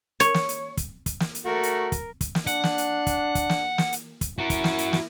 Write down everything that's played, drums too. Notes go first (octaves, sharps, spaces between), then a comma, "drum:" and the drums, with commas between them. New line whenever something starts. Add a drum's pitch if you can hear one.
C#5, drum: hi-hat
drum: snare
drum: hi-hat
drum: kick, hi-hat
drum: kick, hi-hat
drum: snare
drum: hi-hat
A3 F#4 A#4
drum: hi-hat
drum: kick, hi-hat
drum: kick, hi-hat
drum: snare
D4 F#5, drum: hi-hat
drum: snare
drum: hi-hat
drum: kick, hi-hat
drum: kick, hi-hat
drum: snare
drum: snare
drum: hi-hat
drum: kick, hi-hat
E4 F#4 A#4
drum: kick, hi-hat
drum: snare
drum: hi-hat
drum: snare